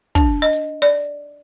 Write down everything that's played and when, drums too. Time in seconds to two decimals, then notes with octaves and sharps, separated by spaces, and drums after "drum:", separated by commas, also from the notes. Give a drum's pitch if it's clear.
0.15 D4, drum: kick, hi-hat
0.42 D#5
0.53 drum: hi-hat
0.82 D5